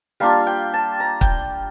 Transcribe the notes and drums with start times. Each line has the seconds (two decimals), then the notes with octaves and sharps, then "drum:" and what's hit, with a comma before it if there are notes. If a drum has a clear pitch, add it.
0.20 G3 A#3 D4 F4 F5
0.47 G5
0.73 A5
1.00 A#5
1.21 G5, drum: kick